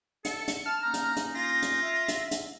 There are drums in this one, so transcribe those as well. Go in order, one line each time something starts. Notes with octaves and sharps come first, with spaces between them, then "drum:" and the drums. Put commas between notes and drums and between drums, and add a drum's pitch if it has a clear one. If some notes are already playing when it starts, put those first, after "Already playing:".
A4 C#7, drum: hi-hat
drum: hi-hat
A5 F6
A#3 C#4 D#4 A#5
drum: hi-hat
drum: hi-hat
F4 A#6
drum: hi-hat
E5
drum: hi-hat
drum: hi-hat